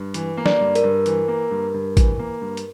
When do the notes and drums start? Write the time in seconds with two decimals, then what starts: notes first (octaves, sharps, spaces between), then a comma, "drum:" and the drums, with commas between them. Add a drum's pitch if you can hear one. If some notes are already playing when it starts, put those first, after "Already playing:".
Already playing: G2
0.14 E3, drum: hi-hat
0.37 A#3
0.46 D5, drum: snare
0.61 G2
0.75 A#4, drum: hi-hat
0.84 G2
1.06 E3, drum: hi-hat
1.28 A#3
1.51 G2
1.74 G2
1.97 E3, drum: kick A1, hi-hat
2.19 A#3
2.42 G2
2.57 drum: hi-hat